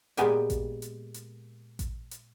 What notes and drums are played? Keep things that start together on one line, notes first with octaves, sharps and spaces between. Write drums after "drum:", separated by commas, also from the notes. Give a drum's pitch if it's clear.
A#2 G#3 B3 G4 A#4 G#5, drum: hi-hat
drum: kick A1, hi-hat
drum: hi-hat
drum: hi-hat
drum: kick A1, hi-hat
drum: hi-hat